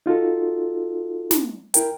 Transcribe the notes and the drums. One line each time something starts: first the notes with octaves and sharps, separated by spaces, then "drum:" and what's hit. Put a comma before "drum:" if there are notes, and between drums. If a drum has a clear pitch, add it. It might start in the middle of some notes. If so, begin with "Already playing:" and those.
D#4 F4 F#4 A4
drum: snare
E4 A#4 G5, drum: hi-hat